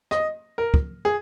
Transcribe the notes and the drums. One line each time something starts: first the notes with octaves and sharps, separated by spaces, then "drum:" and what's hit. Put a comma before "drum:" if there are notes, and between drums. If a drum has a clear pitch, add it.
D#5, drum: rim click
A#4
drum: kick
G#4